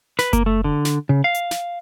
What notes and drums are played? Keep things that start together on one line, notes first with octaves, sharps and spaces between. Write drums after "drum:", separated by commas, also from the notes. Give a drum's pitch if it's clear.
B4, drum: snare
A#3, drum: kick F#1, hi-hat
A3
D3
drum: snare
C#3
F5
drum: hi-hat
drum: snare